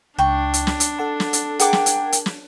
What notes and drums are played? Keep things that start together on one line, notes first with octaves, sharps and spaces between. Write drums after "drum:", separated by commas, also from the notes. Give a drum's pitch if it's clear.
C#2 D4 G5 C#6
drum: hi-hat
drum: snare
drum: hi-hat
A4 F#5 A5
drum: snare
drum: hi-hat
G#4 A#4 F#5 G5 D6 G#6, drum: hi-hat
drum: snare
drum: hi-hat
drum: hi-hat
drum: snare